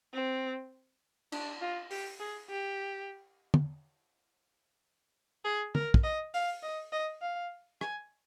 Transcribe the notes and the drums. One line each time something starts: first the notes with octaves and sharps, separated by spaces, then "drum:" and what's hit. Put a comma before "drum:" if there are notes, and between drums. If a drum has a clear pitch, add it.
C4
D4, drum: cymbal
F4
G4, drum: open hi-hat
G#4
G4
drum: tom
G#4
A#4, drum: tom
drum: kick
D#5
F5, drum: open hi-hat
D#5
D#5
F5
G#5, drum: rim click